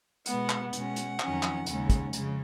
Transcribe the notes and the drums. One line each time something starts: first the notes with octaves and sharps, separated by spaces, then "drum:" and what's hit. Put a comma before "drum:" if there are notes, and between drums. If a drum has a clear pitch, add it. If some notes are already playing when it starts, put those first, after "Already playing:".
B2 G#3 B3 F#5, drum: hi-hat
drum: clap
B2 G#3 C#4 F#5, drum: hi-hat
drum: hi-hat
F2 D#3 F#3 C#4, drum: clap
drum: clap
D#2 C#3 G#3 C#4, drum: hi-hat
drum: kick, hi-hat
F2 C#3 G#3, drum: hi-hat